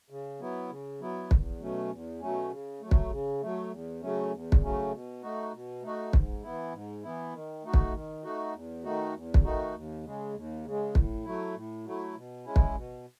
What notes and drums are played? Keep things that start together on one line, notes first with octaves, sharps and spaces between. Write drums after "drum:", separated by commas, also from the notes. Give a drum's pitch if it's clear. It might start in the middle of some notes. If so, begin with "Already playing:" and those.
C#3
F#3 B3 E4
C#3
F#3 B3 E4
E2, drum: kick
B2 F#3 A3 C#4
E2
B2 F#3 A3 C#4
C#3
F#3 A3
drum: kick
C#3
F#3 A3
E2
C#3 F#3 A3 C#4
E2
drum: kick
C#3 F#3 A3 C#4
B2
A3 D#4 F#4
B2
A3 D#4 F#4
G#2, drum: kick
E3 B3 E4
G#2
E3 B3 E4
D#3
A3 D#4 F#4
drum: kick
D#3
A3 D#4 F#4
E2
D#3 A3 D#4 F#4
E2
drum: kick
D#3 A3 D#4 F#4
D#2
C#3 G#3
D#2
C#3 G#3
A2, drum: kick
F#3 A3 E4
A2
F#3 A3 E4
B2
G#3 C#4 E4
drum: kick
B2